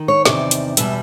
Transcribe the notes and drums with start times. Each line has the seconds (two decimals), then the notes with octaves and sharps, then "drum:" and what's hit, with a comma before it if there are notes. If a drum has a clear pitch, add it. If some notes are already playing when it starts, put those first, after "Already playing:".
Already playing: D#3
0.08 C#5
0.25 E2 C3 D#3 D5, drum: snare
0.51 drum: hi-hat
0.77 E2 B2 G3 E5, drum: hi-hat